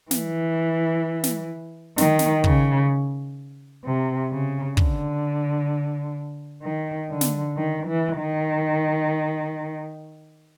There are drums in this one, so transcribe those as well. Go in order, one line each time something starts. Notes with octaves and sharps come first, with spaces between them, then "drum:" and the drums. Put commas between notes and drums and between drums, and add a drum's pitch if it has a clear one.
E3, drum: snare
drum: snare
D#3, drum: snare
drum: snare
C#3, drum: kick
C3
C#3
D3, drum: kick
D#3
D3
drum: snare
D#3
E3
D#3